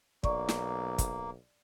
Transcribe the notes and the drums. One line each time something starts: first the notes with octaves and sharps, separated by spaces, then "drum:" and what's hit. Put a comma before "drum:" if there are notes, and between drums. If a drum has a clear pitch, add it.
B1 A#3 D5 C#6, drum: kick
drum: snare
drum: kick, hi-hat